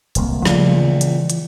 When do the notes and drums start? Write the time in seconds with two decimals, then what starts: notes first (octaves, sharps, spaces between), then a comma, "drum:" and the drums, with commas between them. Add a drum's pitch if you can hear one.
0.15 D1 C2 A#3, drum: hi-hat
0.45 C#2 A#2 F3 G3 A3, drum: snare
0.77 E3
1.01 drum: hi-hat
1.30 drum: hi-hat